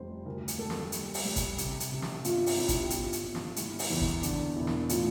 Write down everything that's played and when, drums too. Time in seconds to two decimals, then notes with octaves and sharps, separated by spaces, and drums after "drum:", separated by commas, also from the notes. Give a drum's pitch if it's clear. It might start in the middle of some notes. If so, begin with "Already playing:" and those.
Already playing: F1 G3 C5
0.26 D2 A#4
0.48 drum: hi-hat
0.58 G3 A4
0.70 drum: snare
0.92 G3, drum: hi-hat
1.14 drum: open hi-hat
1.25 G3
1.36 drum: kick, hi-hat
1.58 C3, drum: hi-hat
1.80 drum: hi-hat
1.91 C3
2.02 drum: snare
2.24 G1 F4, drum: hi-hat
2.46 drum: open hi-hat
2.57 G1 E4
2.68 drum: kick, hi-hat
2.79 G4
2.90 G1 F4, drum: hi-hat
3.13 drum: hi-hat
3.24 G1
3.35 drum: snare
3.56 G3 E4, drum: hi-hat
3.79 drum: open hi-hat
3.89 E2 E4
4.01 drum: kick
4.23 D3 D4, drum: hi-hat
4.56 E1 E4
4.67 drum: snare
4.89 A2 F4, drum: hi-hat